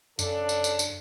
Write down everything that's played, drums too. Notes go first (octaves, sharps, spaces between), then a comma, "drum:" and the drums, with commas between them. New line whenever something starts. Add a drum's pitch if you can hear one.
F#2 C#3 D4 A4, drum: tambourine
drum: tambourine
drum: tambourine
drum: tambourine